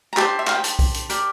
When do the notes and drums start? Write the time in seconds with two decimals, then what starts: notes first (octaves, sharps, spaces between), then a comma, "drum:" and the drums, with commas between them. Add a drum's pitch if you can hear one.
0.13 A#5
0.17 G4 C5 A5, drum: clap
0.39 E5
0.47 F5, drum: clap
0.55 G5
0.64 A5, drum: hi-hat
0.79 drum: kick B1, open hi-hat
0.94 drum: hi-hat
1.09 G4 A#4 D5, drum: hi-hat